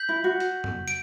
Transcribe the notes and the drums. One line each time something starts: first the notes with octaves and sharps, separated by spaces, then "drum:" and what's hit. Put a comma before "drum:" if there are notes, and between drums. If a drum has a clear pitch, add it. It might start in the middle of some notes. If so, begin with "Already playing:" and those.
Already playing: G6 B6 F#7
E4
F#4
drum: hi-hat
drum: tom F2
D7, drum: hi-hat